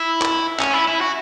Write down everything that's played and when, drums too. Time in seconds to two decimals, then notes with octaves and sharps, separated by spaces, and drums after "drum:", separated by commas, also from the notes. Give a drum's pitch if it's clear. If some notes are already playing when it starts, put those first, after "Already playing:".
Already playing: E4
0.22 drum: clap
0.60 C#4, drum: clap
0.74 E4
0.88 E4
1.01 F#4